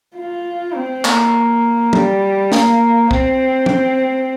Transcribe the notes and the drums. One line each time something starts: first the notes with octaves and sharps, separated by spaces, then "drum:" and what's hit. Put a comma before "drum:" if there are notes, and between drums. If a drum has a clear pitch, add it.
F4
C4
A#3, drum: clap
G3, drum: tom
A#3, drum: snare
C4, drum: kick
drum: tom